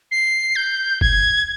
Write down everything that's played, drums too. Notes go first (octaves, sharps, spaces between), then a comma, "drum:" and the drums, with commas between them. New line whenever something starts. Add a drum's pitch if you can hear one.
C7
G6
G#6, drum: kick